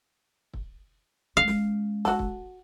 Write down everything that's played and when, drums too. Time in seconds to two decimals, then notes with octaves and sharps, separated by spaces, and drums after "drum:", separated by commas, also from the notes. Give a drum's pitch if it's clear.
0.54 drum: kick
1.37 G#3 C#4 F5
1.48 drum: snare
2.05 F#4 A4, drum: snare
2.19 drum: kick